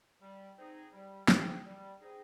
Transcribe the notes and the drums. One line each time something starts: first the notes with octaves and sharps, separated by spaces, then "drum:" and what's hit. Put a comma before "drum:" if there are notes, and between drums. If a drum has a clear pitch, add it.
G3
C4 D#4 G#4
G3
C4 D#4 G#4, drum: snare
G3
C4 D#4 G#4